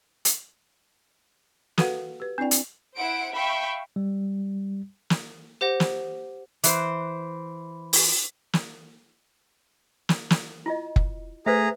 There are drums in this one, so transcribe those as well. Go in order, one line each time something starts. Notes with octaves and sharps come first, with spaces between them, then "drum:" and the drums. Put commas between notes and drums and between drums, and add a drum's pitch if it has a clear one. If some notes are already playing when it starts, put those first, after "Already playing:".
drum: hi-hat
F#4 A4 B4 F5 F#5, drum: snare
G4 B4
C4 D4 E4 D5 G5
drum: hi-hat
E4 C5 F#5 D7
E5 F5 G5 B5 C#6
G3
drum: snare
G4 C5 F#5 A#6
drum: snare
E3 C5, drum: hi-hat
drum: open hi-hat
drum: snare
drum: snare
drum: snare
E4 F4 D#5
drum: kick
A3 G#4 B4 C5 E5 A#5 B6